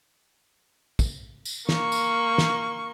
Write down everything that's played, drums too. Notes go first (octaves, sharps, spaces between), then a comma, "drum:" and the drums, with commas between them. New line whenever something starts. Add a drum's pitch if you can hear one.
drum: kick, tambourine
drum: tambourine
A#3 C#6, drum: snare
drum: tambourine
drum: snare